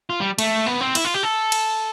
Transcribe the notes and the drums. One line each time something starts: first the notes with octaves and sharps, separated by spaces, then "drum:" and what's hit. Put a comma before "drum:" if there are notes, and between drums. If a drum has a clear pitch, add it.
F4
G3
A3, drum: cymbal
B3
C4
E4, drum: cymbal
F4
G4
A4
drum: cymbal